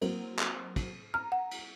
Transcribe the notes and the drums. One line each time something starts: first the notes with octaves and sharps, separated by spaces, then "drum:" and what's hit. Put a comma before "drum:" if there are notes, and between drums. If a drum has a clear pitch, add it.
F#3 A#3 C4, drum: cymbal
drum: clap
drum: kick, cymbal
A#5 F6
F#5
drum: cymbal